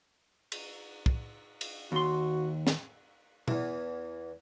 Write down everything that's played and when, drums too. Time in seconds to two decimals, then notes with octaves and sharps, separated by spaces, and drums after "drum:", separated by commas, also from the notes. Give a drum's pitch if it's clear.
0.52 drum: cymbal
1.06 drum: kick
1.61 drum: cymbal
1.92 D#2 F#4 C6
2.67 drum: snare
3.48 E2 E3, drum: tom B2